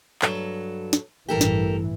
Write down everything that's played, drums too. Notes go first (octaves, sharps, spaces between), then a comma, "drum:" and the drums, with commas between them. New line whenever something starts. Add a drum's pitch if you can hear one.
G2 F#3 A4, drum: clap
drum: snare
A1 G2 E3 G4 A4 A#4
drum: snare